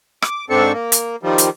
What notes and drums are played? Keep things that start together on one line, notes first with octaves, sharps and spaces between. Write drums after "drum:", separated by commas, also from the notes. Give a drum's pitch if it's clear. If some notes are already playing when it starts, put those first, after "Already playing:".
D6, drum: rim click
G#2 C4 D4 A4 C#6
A#3
drum: hi-hat
D#3 F3 G3
drum: hi-hat